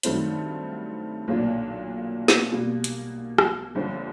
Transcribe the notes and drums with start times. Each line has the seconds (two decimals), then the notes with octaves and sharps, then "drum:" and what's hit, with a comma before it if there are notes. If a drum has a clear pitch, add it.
0.03 G2 D#3 F#3 A3 C4, drum: hi-hat
1.28 B1 A#2 F#3 A#3 D4
2.28 drum: snare
2.52 B2 G3 A#3
2.84 drum: hi-hat
3.38 drum: rim click
3.75 G1 G2 D3 F3